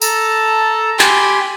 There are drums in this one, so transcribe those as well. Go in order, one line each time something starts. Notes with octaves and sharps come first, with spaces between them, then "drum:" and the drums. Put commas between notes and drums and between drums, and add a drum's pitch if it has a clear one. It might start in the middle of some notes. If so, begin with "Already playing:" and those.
A4 A5 A#5, drum: tambourine
G4 G5 G#5 B5 C6, drum: clap